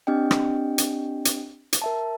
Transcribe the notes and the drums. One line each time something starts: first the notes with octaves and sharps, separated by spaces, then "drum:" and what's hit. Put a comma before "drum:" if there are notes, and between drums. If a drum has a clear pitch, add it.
C4 D4 G4 D#5 G5
drum: rim click
drum: hi-hat
drum: hi-hat
drum: hi-hat
A#4 E5 A5